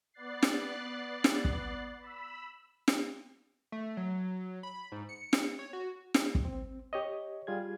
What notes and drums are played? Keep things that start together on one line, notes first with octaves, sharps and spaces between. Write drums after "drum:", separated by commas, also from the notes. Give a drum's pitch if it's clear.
B3 D5 F#6 A6 C7
drum: snare
drum: snare
drum: kick
B5 E6
drum: snare
A3
F#3
B5
G#2
C#7
drum: snare
C#5
F#4
drum: snare
drum: kick
C4
G4 C#5 D#5
G3 F4 G#4 G#6